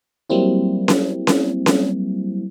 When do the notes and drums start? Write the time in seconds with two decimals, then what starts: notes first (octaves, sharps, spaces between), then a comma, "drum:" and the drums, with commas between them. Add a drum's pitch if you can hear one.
0.30 F#3 G3 A#3 C4 E4
0.88 drum: snare C#4
1.27 drum: snare C#4
1.66 drum: snare C#4